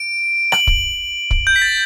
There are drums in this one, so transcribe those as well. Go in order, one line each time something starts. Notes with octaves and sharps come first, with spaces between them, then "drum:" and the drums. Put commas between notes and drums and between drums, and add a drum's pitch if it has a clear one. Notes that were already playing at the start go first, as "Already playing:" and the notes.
Already playing: D7
F#7, drum: rim click
drum: kick
drum: kick
G6
B6
A6